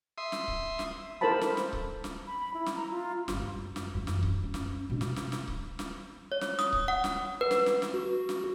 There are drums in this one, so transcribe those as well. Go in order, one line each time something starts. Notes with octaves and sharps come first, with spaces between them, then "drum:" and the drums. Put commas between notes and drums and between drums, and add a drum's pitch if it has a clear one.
E5 C6 D#6
drum: snare
drum: kick C#1
drum: snare
E4 A4 A#4 C5 A5 B5
drum: snare
drum: snare
drum: kick C#1
drum: snare
B5
E4
drum: snare
A#5
F4
G1 G3, drum: snare
F#2
drum: snare
F#2 E3
drum: snare
drum: kick C#1
F#2 C#4
drum: snare
G2 B2
drum: snare
drum: snare
drum: snare
drum: kick C#1
drum: snare
C#5
drum: snare
D#6, drum: snare
drum: kick C#1
F#5
drum: snare
B4
drum: snare
drum: snare
drum: snare
F#4
drum: snare